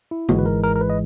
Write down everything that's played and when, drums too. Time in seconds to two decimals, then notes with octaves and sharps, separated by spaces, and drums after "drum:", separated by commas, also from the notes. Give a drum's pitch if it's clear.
0.11 E4
0.29 G#1 G#2 E3 G#3 F#4, drum: tom D3
0.39 B4
0.46 A#4
0.63 A#4
0.76 A#4
0.81 B4
0.90 D#5